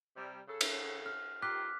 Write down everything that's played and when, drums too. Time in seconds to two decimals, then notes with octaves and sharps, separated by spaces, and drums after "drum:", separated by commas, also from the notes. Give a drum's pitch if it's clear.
0.17 C3 G3
0.48 C#3 A4
0.61 drum: cymbal
1.06 F6
1.42 D#3 F4 G4 D6 F#6 B6